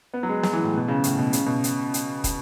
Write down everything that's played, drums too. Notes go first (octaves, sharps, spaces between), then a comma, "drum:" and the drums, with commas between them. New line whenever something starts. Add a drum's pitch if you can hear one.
B3
F#3
G#3
F#3, drum: snare
E3
A2
B2
C#3
A2, drum: hi-hat
B2
C#3, drum: hi-hat
B2
drum: hi-hat
drum: hi-hat
drum: kick, hi-hat